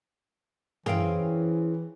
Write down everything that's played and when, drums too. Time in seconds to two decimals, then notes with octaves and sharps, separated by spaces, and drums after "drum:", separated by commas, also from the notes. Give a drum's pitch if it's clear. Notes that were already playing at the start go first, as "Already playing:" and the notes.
0.86 E3 C4 C#4 E4 G#4 A#4 F5 G5, drum: tom